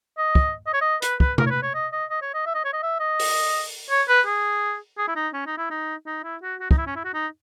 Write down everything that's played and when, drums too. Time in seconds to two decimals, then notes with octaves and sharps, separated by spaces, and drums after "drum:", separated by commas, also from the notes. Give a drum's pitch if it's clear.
0.18 D#5
0.35 drum: kick
0.67 D#5
0.73 C#5
0.82 D#5
1.02 B4, drum: hi-hat
1.20 B4, drum: kick
1.38 A#4, drum: tom C3
1.46 C#5
1.50 B4
1.62 C#5
1.74 D#5
1.92 D#5
2.10 D#5
2.22 C#5
2.34 D#5
2.46 E5
2.55 D#5
2.65 C#5
2.73 D#5
2.83 E5
3.00 D#5
3.20 drum: open hi-hat
3.90 C#5
4.09 B4
4.26 G#4
4.98 G#4
5.08 E4
5.16 D#4
5.34 C#4
5.47 D#4
5.58 E4
5.70 D#4
6.06 D#4
6.24 E4
6.42 F#4
6.60 F#4
6.71 D#4, drum: kick
6.78 E4
6.86 C#4
6.96 E4
7.04 F#4
7.14 D#4